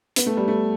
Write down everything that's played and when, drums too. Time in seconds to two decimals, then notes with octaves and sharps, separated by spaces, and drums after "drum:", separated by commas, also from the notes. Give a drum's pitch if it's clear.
0.16 B3, drum: hi-hat
0.26 A3
0.37 G3
0.48 A3